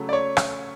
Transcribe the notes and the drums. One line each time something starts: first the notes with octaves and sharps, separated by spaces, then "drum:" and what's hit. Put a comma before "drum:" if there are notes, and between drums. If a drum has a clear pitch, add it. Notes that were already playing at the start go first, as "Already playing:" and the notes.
Already playing: C#3 F#3 A3
D5
C#5
drum: rim click